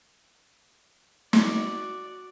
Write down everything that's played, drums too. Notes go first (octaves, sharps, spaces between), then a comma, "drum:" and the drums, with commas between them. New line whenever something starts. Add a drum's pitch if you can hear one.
F#4 D5, drum: snare